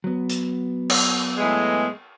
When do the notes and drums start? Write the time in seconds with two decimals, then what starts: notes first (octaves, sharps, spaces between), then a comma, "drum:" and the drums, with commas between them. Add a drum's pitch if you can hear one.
0.04 F#3 B3
0.29 drum: hi-hat
0.90 drum: cymbal
1.38 A2 E3 G#3